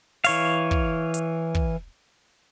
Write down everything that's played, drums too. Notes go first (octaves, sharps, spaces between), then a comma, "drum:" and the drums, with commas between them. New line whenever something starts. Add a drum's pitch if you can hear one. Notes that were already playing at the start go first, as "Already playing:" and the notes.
E3 C#5 F5, drum: open hi-hat
drum: kick
drum: hi-hat
drum: kick